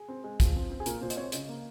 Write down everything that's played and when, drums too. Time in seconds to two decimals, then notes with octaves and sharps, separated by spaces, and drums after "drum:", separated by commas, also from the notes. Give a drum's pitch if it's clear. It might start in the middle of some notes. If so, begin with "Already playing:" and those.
Already playing: G#4
0.08 C4
0.24 G#3
0.40 F3, drum: kick, hi-hat
0.55 C4
0.70 C4
0.80 G#4
0.86 A#2 A#4, drum: hi-hat
1.01 A#2 C5
1.10 D#5, drum: hi-hat
1.16 C4 C#5
1.32 C#3 D#5, drum: hi-hat
1.48 A#3